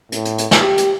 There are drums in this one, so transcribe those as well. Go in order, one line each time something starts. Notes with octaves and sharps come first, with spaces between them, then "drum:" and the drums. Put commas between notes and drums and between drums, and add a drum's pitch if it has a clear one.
A2, drum: hi-hat
drum: hi-hat
drum: hi-hat
drum: snare
G4
drum: hi-hat